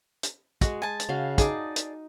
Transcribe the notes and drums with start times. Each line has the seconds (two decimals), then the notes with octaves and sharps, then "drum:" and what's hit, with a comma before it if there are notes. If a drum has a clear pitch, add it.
0.23 drum: hi-hat
0.61 G#3 F#4, drum: kick, hi-hat
0.82 G#5 A5
1.00 drum: hi-hat
1.09 C#3 F#4 F5
1.38 D#4 G#4 D5 A5, drum: kick, hi-hat
1.76 drum: hi-hat